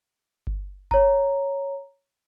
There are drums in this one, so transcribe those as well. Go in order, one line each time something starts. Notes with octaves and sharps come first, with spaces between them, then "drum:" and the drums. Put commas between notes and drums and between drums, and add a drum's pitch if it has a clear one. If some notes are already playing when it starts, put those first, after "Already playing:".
drum: kick G1
C#5 A#5, drum: kick G1